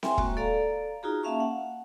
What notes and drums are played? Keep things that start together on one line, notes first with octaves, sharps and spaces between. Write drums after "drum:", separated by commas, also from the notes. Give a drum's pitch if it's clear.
E5 G5 G#5 C6, drum: snare C4
G#3 A#3 F#4 C#6, drum: kick
A4 D5 F5 A#5
D#4 F4 F#4 G#4 A#5
A#3 C#4 E5 F5 A5 C#6
F#5